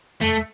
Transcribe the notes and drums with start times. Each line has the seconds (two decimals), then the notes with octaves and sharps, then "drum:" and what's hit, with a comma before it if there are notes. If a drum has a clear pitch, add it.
0.21 A3, drum: tom